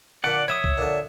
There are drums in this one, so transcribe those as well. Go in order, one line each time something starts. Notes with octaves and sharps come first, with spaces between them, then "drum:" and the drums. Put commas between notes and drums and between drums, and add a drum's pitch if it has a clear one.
A#2 D3 D5 F#5
C#5 E5 B5 D#6
drum: kick C2
A#2 D3